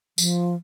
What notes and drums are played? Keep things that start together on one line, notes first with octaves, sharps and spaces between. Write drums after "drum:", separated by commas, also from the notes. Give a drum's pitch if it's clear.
F3, drum: tambourine